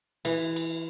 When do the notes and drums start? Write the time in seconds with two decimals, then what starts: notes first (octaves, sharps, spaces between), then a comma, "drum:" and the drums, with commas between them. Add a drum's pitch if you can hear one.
0.25 E3, drum: cymbal
0.56 drum: cymbal